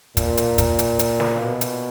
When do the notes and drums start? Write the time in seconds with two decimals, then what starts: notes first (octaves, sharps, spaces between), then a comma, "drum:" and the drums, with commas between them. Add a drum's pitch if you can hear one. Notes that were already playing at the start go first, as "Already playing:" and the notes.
0.17 A#2, drum: kick, hi-hat
0.37 drum: hi-hat
0.58 drum: kick, hi-hat
0.79 drum: hi-hat
0.99 drum: hi-hat
1.20 drum: snare
1.41 B2
1.61 drum: hi-hat